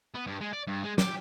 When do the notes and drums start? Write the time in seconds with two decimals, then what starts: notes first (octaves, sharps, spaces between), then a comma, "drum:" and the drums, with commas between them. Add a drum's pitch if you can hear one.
0.14 B3
0.27 G2
0.41 G#3
0.53 D5
0.67 G2
0.84 G#3
0.98 G4, drum: snare